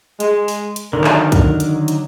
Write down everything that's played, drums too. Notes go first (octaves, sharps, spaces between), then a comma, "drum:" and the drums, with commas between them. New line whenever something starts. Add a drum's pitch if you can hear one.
G#3, drum: hi-hat
drum: open hi-hat
drum: hi-hat
D3 D#3 F#3 A#4
drum: clap
drum: kick, hi-hat
drum: hi-hat
drum: hi-hat